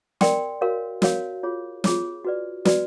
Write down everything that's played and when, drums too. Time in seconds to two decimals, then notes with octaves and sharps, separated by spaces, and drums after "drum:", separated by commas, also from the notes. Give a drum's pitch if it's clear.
0.21 A#4 D5 G5 C6, drum: snare
0.61 F#4 A#4 C#5 F5
1.02 F#4 A#4 C#5 F5, drum: snare
1.43 F4 G#4 C#5
1.84 F4 G#4 C#5, drum: snare
2.25 F#4 B4 D5
2.65 F#4 B4 D5, drum: snare